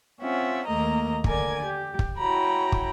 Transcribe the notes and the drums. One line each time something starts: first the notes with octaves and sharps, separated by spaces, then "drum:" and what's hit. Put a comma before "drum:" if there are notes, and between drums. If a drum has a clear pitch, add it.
C4 C#4 F4 E5 F#5
D#2 A3 A#3 D#5 A#5
D3 A#4 D5 G#5 G#6, drum: kick
G4
drum: kick
E4 F#4 C#5 G5 A#5 B5
drum: kick